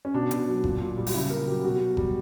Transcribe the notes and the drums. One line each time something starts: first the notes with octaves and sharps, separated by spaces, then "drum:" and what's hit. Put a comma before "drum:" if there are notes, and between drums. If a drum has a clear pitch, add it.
C#4
B2 D4
B2, drum: hi-hat
F#3
A#2, drum: kick F#1
A#2
G3
F#4, drum: open hi-hat
C#3 E4
C#3 A#4
F#3 G4
B2 F#4
B2
G3, drum: kick F#1